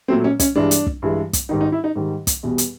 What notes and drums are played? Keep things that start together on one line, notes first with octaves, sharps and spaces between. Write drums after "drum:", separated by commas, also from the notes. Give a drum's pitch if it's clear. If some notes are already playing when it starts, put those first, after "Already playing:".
A#2 F#3 A3 C4
C#4
C#4, drum: kick, hi-hat
G2 E3 G#3 D4
drum: hi-hat
drum: kick
G2 E3 G#3
drum: kick, hi-hat
G#2 D#3 G3 D#4
D#4
E4
D#4
G#2 D#3 G3
drum: kick, hi-hat
E2 B2 G3
drum: hi-hat